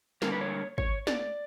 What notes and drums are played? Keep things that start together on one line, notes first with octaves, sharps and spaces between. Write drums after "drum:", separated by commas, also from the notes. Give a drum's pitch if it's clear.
D3 G3 A#3 A#4, drum: snare
B4
C#5
C#5, drum: kick
D5, drum: snare